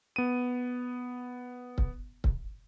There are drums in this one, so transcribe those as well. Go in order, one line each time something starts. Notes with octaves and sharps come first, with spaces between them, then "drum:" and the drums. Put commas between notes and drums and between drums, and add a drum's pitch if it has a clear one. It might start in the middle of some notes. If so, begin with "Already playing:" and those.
B3 D#7
drum: kick C#1
drum: kick C#1